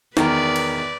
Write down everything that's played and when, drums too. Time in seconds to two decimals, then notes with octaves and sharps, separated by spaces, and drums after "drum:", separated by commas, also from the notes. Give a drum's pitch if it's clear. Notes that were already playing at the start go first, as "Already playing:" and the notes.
0.17 E2 D#3 A#4 B4 D5, drum: snare
0.56 drum: cymbal